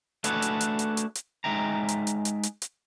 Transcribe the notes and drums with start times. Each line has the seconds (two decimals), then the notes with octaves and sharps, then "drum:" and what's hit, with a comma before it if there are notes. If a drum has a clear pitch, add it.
0.24 A3 D4 F#4 G#4 A4 B4, drum: hi-hat
0.42 drum: hi-hat
0.61 drum: hi-hat
0.79 drum: hi-hat
0.97 drum: hi-hat
1.15 drum: hi-hat
1.44 G#3 D#4 E5 G5 A#5
1.89 drum: hi-hat
2.07 drum: hi-hat
2.25 drum: hi-hat
2.43 drum: hi-hat
2.62 drum: hi-hat